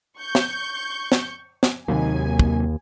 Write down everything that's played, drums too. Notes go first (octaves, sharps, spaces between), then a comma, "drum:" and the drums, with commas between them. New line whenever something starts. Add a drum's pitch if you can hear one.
C#6 G6
drum: snare
drum: snare
drum: snare
D#2 C3 F#3 A#3 G#5
drum: kick